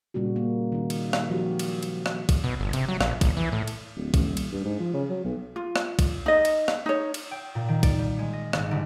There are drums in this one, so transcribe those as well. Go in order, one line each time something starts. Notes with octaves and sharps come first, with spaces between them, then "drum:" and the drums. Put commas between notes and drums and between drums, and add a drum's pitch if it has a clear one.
A#2 C#3 G3 A#3 F#4
A#3
D#3 D#4
drum: cymbal
drum: rim click
F3 F#3 F#4 G4
drum: cymbal
drum: cymbal
drum: rim click
drum: kick, cymbal
B2
G1
C3, drum: cymbal
F#3
A#1, drum: rim click
A#1, drum: kick, cymbal
E3
A2
drum: cymbal
D1
A1, drum: kick, cymbal
D#1
drum: cymbal
G2
G#2
F3
C#3
F#3
B1
F4
drum: rim click
drum: kick, cymbal
D#4 D#5
drum: cymbal
drum: rim click
D#4 C#5
drum: cymbal
G5
A#2
D#3
D5, drum: kick, cymbal
G3
G#3
D#5
G#1, drum: rim click
G1